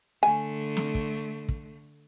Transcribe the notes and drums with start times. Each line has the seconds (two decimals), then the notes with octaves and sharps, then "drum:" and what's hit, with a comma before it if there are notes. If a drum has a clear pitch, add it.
0.23 D3 A3 G#5
0.77 drum: snare
0.95 drum: kick
1.49 drum: kick